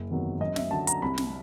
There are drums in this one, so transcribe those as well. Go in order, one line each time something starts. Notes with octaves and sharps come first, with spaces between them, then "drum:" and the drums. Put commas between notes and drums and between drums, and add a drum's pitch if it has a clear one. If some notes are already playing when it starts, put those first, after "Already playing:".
Already playing: F#1
E2 C3 D#3 F#3
F#2 D#5
E5, drum: snare
D3 F#3 A5
A#5, drum: hi-hat
C2 B5
drum: snare